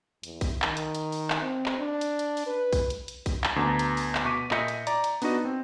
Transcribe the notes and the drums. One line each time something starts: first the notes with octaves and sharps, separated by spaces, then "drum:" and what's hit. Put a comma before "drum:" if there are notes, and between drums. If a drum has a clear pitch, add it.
E2, drum: hi-hat
drum: kick, open hi-hat
D#3, drum: clap
drum: hi-hat
drum: hi-hat
drum: open hi-hat
drum: clap
C4
drum: clap
D4
drum: hi-hat
drum: hi-hat
drum: open hi-hat
B4
drum: kick, open hi-hat
drum: hi-hat
drum: hi-hat
drum: kick, open hi-hat
drum: clap
D2 B3 A5 A#5
drum: hi-hat
drum: open hi-hat
drum: clap
B2 C#6 D6 B6 D#7
A#2 D#5 E5 G6 B6 C#7, drum: clap
drum: hi-hat
D5 A#5, drum: hi-hat
drum: hi-hat
B3 D4 D#4 F#4 D#5, drum: open hi-hat
C4